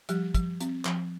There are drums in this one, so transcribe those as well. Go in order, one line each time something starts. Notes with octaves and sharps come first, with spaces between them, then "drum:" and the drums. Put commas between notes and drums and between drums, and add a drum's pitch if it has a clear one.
F3 G3 G4, drum: hi-hat
F3, drum: kick, hi-hat
C4, drum: hi-hat
F3, drum: clap